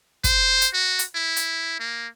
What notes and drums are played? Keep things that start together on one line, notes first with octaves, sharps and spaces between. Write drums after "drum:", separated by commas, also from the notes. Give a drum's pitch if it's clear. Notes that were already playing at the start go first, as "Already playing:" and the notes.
C5, drum: kick, hi-hat
drum: hi-hat
F#4
drum: hi-hat
E4
drum: hi-hat
A#3